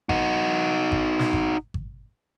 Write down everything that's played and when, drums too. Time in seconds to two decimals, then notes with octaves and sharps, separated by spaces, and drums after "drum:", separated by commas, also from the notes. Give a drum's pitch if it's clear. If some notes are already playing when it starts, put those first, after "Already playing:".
0.09 D#4 F#4, drum: kick G#1
0.92 drum: kick G#1
1.19 drum: snare
1.33 drum: kick G#1
1.74 drum: kick G#1